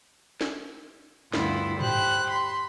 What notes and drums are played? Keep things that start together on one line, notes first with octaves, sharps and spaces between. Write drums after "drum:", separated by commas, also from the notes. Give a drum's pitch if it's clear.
drum: snare
D2 G2 B3 E4 F4 B5, drum: snare
G4 C5 B5 F#6, drum: tom G#2
B5 C6